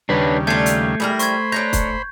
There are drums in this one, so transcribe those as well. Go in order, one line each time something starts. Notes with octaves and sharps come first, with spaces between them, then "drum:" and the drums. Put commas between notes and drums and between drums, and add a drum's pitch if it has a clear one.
D#2 C#3 G3 D4 B4 C#5
A3 D4 F4 G6 G#6 C7
drum: hi-hat
E3 G3 G#3 A#4
C5 B5 C#6 G#6, drum: hi-hat
D4 C#5 A#5 G6
drum: kick, hi-hat